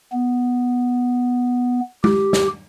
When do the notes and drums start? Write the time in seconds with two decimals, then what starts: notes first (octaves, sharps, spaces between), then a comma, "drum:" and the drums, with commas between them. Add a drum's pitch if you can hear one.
0.13 B3
2.04 G4, drum: tom G#3
2.33 drum: snare